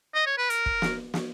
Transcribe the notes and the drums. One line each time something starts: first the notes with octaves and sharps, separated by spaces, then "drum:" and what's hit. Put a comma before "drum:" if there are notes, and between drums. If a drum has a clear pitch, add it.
D#5
C#5
B4
A#4, drum: hi-hat
drum: kick
drum: snare
drum: snare